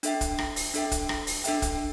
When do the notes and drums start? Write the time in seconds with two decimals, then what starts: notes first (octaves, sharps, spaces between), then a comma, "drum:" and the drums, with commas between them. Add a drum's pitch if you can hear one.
0.03 D4 A4 E5 G5, drum: hi-hat
0.21 drum: kick, hi-hat
0.38 drum: rim click
0.56 drum: open hi-hat
0.74 D4 A4 E5 G5, drum: hi-hat
0.91 drum: kick, hi-hat
1.09 drum: rim click
1.27 drum: open hi-hat
1.44 D4 A4 E5 G5, drum: hi-hat
1.62 drum: kick, hi-hat